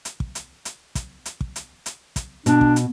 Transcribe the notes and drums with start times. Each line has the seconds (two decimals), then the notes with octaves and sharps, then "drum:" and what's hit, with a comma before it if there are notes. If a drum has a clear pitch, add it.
0.05 drum: hi-hat
0.20 drum: kick
0.35 drum: hi-hat
0.65 drum: hi-hat
0.95 drum: kick, hi-hat
1.26 drum: hi-hat
1.41 drum: kick
1.56 drum: hi-hat
1.86 drum: hi-hat
2.16 drum: kick, hi-hat
2.46 B2 D4, drum: hi-hat
2.61 drum: kick
2.76 drum: hi-hat